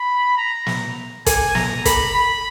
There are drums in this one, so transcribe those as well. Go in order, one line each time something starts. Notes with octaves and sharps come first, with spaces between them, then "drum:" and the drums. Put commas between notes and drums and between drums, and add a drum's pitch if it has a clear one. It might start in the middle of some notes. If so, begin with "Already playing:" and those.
Already playing: B5
A#5
drum: snare
G#5, drum: kick, hi-hat
A#5, drum: snare
B5, drum: kick, hi-hat
B5